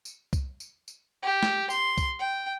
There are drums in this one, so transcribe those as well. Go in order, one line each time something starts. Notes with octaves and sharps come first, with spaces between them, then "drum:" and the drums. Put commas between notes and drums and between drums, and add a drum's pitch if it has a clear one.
drum: tambourine
drum: kick C2, tambourine
drum: tambourine
drum: tambourine
G4
drum: snare
C6, drum: tambourine
drum: kick C2, tambourine
G5